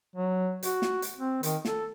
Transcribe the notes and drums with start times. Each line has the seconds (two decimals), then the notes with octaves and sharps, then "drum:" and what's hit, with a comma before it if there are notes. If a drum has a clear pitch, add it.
0.15 F#3
0.63 F#4, drum: hi-hat
0.82 drum: snare
1.02 drum: hi-hat
1.17 C4
1.43 D#3, drum: hi-hat
1.65 A4, drum: snare